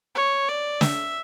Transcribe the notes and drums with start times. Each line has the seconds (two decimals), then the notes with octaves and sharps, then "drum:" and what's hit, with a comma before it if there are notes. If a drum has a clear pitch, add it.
0.15 C#5
0.49 D5
0.81 E5, drum: snare